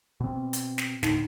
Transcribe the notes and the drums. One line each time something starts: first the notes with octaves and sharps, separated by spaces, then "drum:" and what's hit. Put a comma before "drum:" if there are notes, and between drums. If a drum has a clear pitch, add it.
B2 C4
drum: hi-hat
drum: snare
D2 A2 D#4, drum: snare